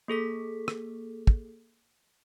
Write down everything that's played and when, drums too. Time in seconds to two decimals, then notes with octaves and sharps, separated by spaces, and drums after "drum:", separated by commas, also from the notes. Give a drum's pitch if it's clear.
0.08 A#3 G#4 A4 B6
0.68 drum: rim click
1.27 drum: kick